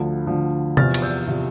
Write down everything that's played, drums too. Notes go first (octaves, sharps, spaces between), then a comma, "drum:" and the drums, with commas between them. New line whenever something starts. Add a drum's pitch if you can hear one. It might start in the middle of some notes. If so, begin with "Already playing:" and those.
Already playing: D2 D3 F3
D2 D3 F3
E2 C3 F3 F6 A6, drum: tom C3
A6, drum: cymbal
E6 G6
C3 F3